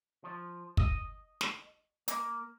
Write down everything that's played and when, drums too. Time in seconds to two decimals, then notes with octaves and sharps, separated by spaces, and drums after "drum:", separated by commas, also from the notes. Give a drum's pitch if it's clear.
0.24 F3
0.77 D#5, drum: kick
1.41 drum: snare
2.08 A#3, drum: hi-hat